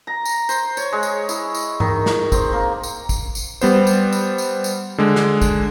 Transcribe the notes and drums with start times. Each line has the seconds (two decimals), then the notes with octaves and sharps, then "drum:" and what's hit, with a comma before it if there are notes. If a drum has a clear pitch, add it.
0.07 A#5
0.25 drum: tambourine
0.49 C5, drum: tambourine
0.77 C#5, drum: tambourine
0.92 G#3
1.03 drum: tambourine
1.29 E4, drum: tambourine
1.54 drum: tambourine
1.80 D#3, drum: tom G#2
2.06 drum: snare
2.32 C4, drum: kick, tambourine
2.53 A#3
2.83 drum: tambourine
3.09 drum: kick, tambourine
3.35 drum: tambourine
3.61 G3 B3 C5, drum: tambourine
3.87 drum: tambourine
4.12 drum: tambourine
4.38 drum: tambourine
4.64 drum: tambourine
4.98 D3 G#3
5.16 drum: snare
5.42 drum: kick, tambourine